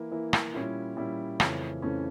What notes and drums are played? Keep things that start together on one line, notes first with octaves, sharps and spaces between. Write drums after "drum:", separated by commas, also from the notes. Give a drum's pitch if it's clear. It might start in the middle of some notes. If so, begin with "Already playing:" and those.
Already playing: E3 A#3 E4
E3 A#3 E4
drum: rim click
A#2 G3 C#4 E4
A#2 G3 C#4 E4
F2 C#3 E3 A3 C#4, drum: rim click
F2 C#3 E3 A3 C#4